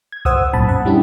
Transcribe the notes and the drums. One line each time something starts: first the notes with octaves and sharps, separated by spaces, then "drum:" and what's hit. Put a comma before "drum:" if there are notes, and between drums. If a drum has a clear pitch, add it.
G#6
C5 F#5 D#6 E6, drum: kick C2
F#2 A#2 A5 B5
F#5
G3 C#4 D4 E4 G4